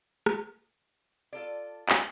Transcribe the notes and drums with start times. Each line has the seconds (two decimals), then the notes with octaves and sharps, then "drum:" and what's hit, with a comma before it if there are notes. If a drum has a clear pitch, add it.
0.26 drum: rim click
1.33 F4 A4 D5
1.89 drum: clap